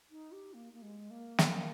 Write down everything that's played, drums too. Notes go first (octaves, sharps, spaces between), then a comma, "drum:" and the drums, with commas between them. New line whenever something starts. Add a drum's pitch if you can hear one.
D#4
G4
A#3
A#3
G#3
A#3
drum: snare